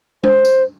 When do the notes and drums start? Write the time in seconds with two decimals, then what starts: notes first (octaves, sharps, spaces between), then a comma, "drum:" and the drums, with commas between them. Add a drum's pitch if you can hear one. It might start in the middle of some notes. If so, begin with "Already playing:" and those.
0.23 C5, drum: tom
0.45 drum: tambourine